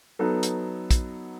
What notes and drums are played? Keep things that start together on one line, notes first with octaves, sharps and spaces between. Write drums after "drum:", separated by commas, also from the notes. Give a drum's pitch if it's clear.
F#3 B3 D#4 A4
drum: hi-hat
drum: kick, hi-hat